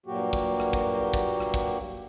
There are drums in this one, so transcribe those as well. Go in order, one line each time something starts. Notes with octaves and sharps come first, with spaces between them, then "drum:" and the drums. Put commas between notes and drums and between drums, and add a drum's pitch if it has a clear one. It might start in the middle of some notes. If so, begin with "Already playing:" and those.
G2 A#2 F#3 A#3 F#4 G4
drum: kick
drum: rim click
drum: kick
drum: kick
drum: rim click
drum: kick